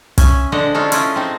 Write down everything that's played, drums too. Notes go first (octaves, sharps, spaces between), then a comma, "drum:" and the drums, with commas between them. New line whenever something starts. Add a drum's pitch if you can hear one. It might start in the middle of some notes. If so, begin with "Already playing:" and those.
C#4 E5 G#5, drum: kick, hi-hat
D3 G#3 D4 C5 D#5 F#5
G#3 C#4 D#4 F4 G#4 A4
C#4 E4 F4 B4 D#5, drum: hi-hat
C4 D#4